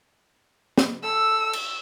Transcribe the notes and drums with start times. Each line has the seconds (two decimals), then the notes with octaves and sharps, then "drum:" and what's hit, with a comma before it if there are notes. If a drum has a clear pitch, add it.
0.78 drum: snare
1.03 A4 E6
1.53 drum: cymbal